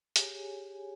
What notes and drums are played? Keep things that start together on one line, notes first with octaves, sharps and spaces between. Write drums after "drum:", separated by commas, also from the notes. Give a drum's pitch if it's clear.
G4 G#4 C#5 G#5, drum: hi-hat